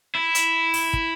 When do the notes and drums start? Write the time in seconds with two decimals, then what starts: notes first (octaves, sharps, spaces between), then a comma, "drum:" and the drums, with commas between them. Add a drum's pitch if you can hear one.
0.15 E4
0.35 drum: hi-hat
0.74 drum: open hi-hat
0.93 drum: kick